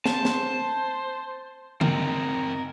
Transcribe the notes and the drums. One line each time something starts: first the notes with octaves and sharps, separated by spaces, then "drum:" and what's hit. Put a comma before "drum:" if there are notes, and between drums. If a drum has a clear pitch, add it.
C5 A5, drum: snare
drum: snare
C4 D#4 A#4, drum: tom C#3